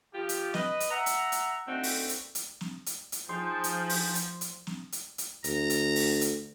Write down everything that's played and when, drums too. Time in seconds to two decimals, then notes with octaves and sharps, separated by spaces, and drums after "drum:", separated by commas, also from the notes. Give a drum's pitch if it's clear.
0.13 F3 F4 G4
0.29 drum: hi-hat
0.54 B4 D#5, drum: snare
0.80 drum: hi-hat
0.91 E5 F#5 A#5
1.06 drum: hi-hat
1.32 drum: hi-hat
1.66 D3 A3 C4 D#4 F#4
1.83 drum: open hi-hat
2.09 drum: hi-hat
2.35 drum: hi-hat
2.61 drum: snare
2.86 drum: hi-hat
3.12 drum: hi-hat
3.29 F3 D#4 G#4 G5 A5 C6
3.64 drum: hi-hat
3.89 drum: open hi-hat
4.15 drum: hi-hat
4.41 drum: hi-hat
4.67 drum: snare
4.92 drum: hi-hat
5.18 drum: hi-hat
5.44 D2 A#5, drum: hi-hat
5.70 drum: hi-hat
5.95 drum: open hi-hat
6.21 drum: hi-hat